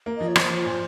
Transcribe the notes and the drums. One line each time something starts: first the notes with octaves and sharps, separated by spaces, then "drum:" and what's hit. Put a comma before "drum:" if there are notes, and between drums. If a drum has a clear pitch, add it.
A#3
F3 D#5
C#5
F3 C5, drum: rim click
F3
A#2